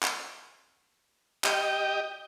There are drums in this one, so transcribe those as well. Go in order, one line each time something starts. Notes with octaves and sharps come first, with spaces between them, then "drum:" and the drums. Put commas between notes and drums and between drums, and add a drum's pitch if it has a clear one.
drum: clap
G4 D#5 G5, drum: clap